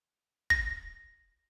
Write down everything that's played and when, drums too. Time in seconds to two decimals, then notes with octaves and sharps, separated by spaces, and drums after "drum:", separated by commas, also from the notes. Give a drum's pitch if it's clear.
0.50 A#6, drum: kick